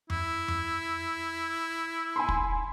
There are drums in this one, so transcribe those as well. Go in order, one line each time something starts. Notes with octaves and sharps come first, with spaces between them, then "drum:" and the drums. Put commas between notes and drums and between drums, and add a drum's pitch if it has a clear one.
E4, drum: tom F2
drum: tom F2
G#5 B5 C6
drum: kick